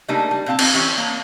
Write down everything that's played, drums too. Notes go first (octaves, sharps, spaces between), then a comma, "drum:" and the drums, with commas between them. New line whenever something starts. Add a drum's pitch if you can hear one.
C#3 G3 A3 A#3 D4 D#4
G3
A#2 C4 F5 A5
C4 D#4, drum: cymbal
E3 G3 C4 C#4
A#3 C#5 A#5